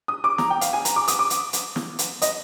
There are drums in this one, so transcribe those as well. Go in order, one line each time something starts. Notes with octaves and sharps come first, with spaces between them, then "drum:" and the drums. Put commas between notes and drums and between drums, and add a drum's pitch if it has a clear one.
D#6
D6
A#5, drum: snare
G5
F5, drum: hi-hat
G#5
A#5, drum: hi-hat
D6
D#6, drum: hi-hat
D6
drum: hi-hat
drum: hi-hat
drum: snare
drum: hi-hat
D#5, drum: hi-hat